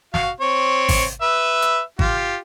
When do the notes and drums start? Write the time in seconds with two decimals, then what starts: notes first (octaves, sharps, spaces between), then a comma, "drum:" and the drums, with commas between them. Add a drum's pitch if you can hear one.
0.14 F#4 F5, drum: snare
0.40 C4 C#5
0.89 drum: kick G#1, open hi-hat
1.21 B4 E5
1.62 drum: hi-hat
1.99 F4 G4, drum: kick G#1